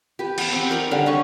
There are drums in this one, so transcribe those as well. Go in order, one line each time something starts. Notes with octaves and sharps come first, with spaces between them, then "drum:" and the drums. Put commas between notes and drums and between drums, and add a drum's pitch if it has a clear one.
G4 B4
B3 F5 A5, drum: cymbal
C4 G4
D#4 A#4 D5 G5
D3 G3 F5 F#5
D3 C#4 B4 C#6